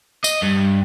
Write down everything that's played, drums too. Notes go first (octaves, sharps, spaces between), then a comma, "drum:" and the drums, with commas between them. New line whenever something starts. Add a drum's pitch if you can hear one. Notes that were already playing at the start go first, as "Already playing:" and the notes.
D#5, drum: tambourine
G2